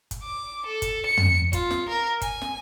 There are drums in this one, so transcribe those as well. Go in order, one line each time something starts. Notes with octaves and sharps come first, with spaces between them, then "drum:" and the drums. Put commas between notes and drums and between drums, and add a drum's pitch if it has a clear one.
drum: kick G1, hi-hat
D6
A4
drum: kick G1, hi-hat
C#7
drum: tom
F4, drum: kick G1, hi-hat
drum: snare
A#4
G#5, drum: kick G1, hi-hat
drum: snare